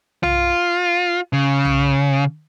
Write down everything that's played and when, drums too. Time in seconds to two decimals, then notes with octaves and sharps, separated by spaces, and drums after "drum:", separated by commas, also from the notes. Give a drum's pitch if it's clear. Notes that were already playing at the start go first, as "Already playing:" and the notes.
0.23 F4, drum: tom B1
1.33 C#3
1.65 drum: tom B1